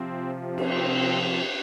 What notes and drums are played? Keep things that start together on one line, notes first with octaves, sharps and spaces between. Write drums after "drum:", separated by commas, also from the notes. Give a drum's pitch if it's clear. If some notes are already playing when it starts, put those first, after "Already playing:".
Already playing: C3 F3 C4
C4, drum: cymbal